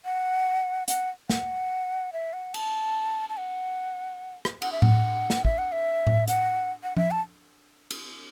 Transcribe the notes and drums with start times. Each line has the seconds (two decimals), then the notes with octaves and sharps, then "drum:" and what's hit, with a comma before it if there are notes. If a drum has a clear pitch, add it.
0.05 F#5
0.88 F#5, drum: hi-hat
1.29 F#5, drum: snare
2.13 E5
2.33 F#5
2.54 A5, drum: cymbal
3.29 A5
3.37 F#5
4.45 drum: rim click
4.62 F#5, drum: cymbal
4.72 E5
4.82 F#5, drum: tom A2
5.30 drum: snare
5.45 E5, drum: kick
5.58 F#5
5.72 E5
6.07 drum: tom A2
6.27 F#5, drum: hi-hat
6.83 F#5
6.97 E5, drum: tom F3
7.11 A5
7.90 drum: cymbal